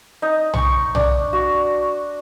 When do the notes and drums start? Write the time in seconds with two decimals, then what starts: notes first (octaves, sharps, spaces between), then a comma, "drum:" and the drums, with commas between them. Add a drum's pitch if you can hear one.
0.22 D#4
0.54 C#6, drum: tom B1
0.95 D4, drum: tom B1
1.33 F#4